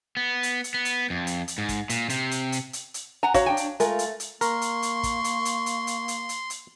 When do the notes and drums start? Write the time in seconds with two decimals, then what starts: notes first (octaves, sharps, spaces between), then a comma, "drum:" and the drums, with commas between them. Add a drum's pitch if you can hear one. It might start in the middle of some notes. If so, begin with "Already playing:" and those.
0.17 B3
0.43 drum: hi-hat
0.64 drum: hi-hat
0.74 B3
0.85 drum: hi-hat
1.10 F2
1.27 drum: hi-hat
1.48 drum: hi-hat
1.58 G#2
1.69 drum: kick, hi-hat
1.90 A#2, drum: hi-hat
2.10 C3, drum: hi-hat
2.31 drum: hi-hat
2.52 drum: hi-hat
2.73 drum: hi-hat
2.94 drum: hi-hat
3.23 F#5 G#5 A#5
3.34 F#4 C#5 F5, drum: kick, hi-hat
3.46 D4 G5 G#5
3.57 drum: hi-hat
3.80 G#3 A3 F4 A#4, drum: hi-hat
3.99 drum: hi-hat
4.20 drum: hi-hat
4.41 A#3 A#4 C6 C#6, drum: hi-hat
4.62 drum: hi-hat
4.82 drum: hi-hat
5.03 drum: kick, hi-hat
5.24 drum: hi-hat
5.45 drum: hi-hat
5.66 drum: hi-hat
5.87 drum: hi-hat
6.08 drum: hi-hat
6.29 drum: hi-hat
6.50 drum: hi-hat